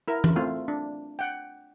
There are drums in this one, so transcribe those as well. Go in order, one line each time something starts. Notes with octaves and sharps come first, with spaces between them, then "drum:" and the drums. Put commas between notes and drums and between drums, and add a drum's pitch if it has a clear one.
E4 A#4
drum: tom E3
A3 C4 F4
D4
F#5 G5